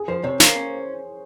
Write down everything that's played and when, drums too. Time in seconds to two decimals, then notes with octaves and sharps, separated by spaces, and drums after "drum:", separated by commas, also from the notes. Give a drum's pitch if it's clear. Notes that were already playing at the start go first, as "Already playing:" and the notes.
Already playing: G#4
0.08 F3 C5
0.24 C3 C#5
0.40 A#3, drum: snare
0.56 C#4